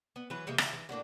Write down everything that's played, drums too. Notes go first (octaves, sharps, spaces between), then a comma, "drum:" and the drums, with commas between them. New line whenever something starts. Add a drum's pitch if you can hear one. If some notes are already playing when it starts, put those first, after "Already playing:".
B3
E3 F#3 B4
C3 E3 G#3 A#3
C#3 F4 G#4 E5, drum: rim click
E3 D#4
A2 A#3 D4 F#4